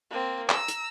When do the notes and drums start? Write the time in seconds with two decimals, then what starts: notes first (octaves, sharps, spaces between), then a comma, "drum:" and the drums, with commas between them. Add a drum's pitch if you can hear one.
0.10 A#3 C4
0.49 A#5 E6, drum: clap
0.68 drum: hi-hat